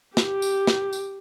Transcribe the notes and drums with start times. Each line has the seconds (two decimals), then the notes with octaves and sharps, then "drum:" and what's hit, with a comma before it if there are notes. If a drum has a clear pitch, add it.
0.17 G4, drum: snare
0.42 drum: tambourine
0.67 drum: snare
0.93 drum: tambourine